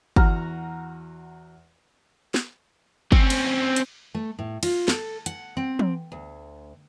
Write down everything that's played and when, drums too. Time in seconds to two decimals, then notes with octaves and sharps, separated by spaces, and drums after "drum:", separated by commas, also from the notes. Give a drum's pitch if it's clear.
0.16 E2 F#4 A#5 F6, drum: kick
2.34 drum: snare
3.12 C4 C#4, drum: kick
3.30 drum: cymbal
3.76 drum: hi-hat
4.14 A3
4.39 A2
4.63 F4, drum: cymbal
4.88 A4, drum: snare
5.26 F#5, drum: hi-hat
5.57 C4
5.79 drum: tom
6.12 D2